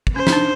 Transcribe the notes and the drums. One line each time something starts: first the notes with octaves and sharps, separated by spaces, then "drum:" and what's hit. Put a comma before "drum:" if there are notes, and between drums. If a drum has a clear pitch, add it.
drum: kick
C#4 C5
D#4, drum: snare
D4